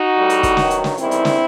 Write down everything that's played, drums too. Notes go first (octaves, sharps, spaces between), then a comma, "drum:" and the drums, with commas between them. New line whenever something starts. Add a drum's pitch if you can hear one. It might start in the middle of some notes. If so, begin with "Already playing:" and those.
Already playing: D#4 F#4
A2 G3
drum: hi-hat
drum: kick, hi-hat
G2 D#3 F#3, drum: snare
drum: hi-hat
drum: snare
E2 D#3 G3 C4 E4, drum: hi-hat
drum: hi-hat
drum: snare